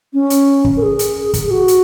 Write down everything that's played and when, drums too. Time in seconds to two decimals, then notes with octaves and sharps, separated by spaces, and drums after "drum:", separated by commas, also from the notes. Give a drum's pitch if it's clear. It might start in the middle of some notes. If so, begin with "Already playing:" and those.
0.13 C#4
0.30 drum: hi-hat
0.65 drum: kick
0.77 A#4
0.82 G#4
0.99 drum: hi-hat
1.33 drum: kick, hi-hat
1.46 G#4
1.51 F#4
1.68 drum: hi-hat